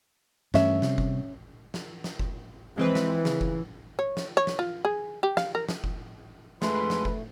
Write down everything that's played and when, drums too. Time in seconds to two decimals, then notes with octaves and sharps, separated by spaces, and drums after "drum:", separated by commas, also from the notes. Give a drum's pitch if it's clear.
0.54 G2 E3 A3 C#4 E5, drum: snare
0.82 C3 G3, drum: snare
0.98 drum: kick F#1
1.74 drum: snare
2.04 drum: snare
2.19 drum: kick F#1
2.78 E3 G#3 C4 B4
2.95 drum: snare
3.25 C#3, drum: snare
3.41 drum: kick F#1
3.99 C#5
4.17 drum: snare
4.37 C#5
4.47 drum: snare
4.59 F4
4.85 G#4
5.23 G4
5.37 F5, drum: snare
5.55 A#4
5.69 drum: snare
5.84 drum: kick F#1
6.62 F2 G#3 A3 G#4 B4 C6, drum: snare
6.90 drum: snare
7.05 drum: kick F#1